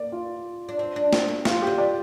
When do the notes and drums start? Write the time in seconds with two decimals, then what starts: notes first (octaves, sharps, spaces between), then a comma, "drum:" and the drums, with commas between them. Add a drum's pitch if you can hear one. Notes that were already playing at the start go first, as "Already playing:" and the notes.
Already playing: A#3 D5
0.12 F4
0.69 D4
0.79 C4
0.96 D4
1.13 C4, drum: snare
1.28 A#3
1.45 F3 F4, drum: snare
1.62 D3 G4
1.78 D5